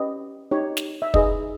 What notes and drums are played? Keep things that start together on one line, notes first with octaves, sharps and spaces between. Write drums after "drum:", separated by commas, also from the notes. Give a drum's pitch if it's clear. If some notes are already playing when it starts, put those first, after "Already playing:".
Already playing: C#4 G4 B4 D#5
D#4 G4 C#5
drum: snare
E5
D#4 G#4 B4 D#5, drum: kick